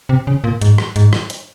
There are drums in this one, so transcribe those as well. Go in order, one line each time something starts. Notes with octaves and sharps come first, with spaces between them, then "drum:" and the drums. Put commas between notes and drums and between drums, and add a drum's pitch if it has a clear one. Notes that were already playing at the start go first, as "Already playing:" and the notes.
C3
C#3
A#2
G#2, drum: hi-hat
drum: rim click
G#2, drum: hi-hat
drum: rim click
drum: hi-hat